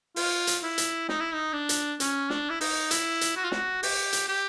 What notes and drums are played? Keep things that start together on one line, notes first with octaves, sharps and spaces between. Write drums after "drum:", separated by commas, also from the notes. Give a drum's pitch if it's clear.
F4, drum: open hi-hat
drum: hi-hat
E4
drum: hi-hat
D#4, drum: snare
E4
D#4
D4
drum: hi-hat
C#4, drum: hi-hat
D4, drum: snare
E4
D#4, drum: open hi-hat
E4, drum: hi-hat
drum: hi-hat
F#4
F4
F#4, drum: snare
G4, drum: open hi-hat
drum: hi-hat
G4